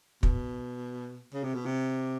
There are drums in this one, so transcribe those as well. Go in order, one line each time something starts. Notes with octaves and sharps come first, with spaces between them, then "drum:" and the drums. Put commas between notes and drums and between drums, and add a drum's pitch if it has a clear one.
B2, drum: kick
C#3
C3
B2
C3